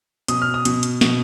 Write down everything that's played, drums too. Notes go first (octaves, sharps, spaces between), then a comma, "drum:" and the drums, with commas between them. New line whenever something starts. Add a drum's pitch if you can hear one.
B2 D#6, drum: hi-hat
F6
D#6
B2, drum: hi-hat
drum: hi-hat
B2, drum: snare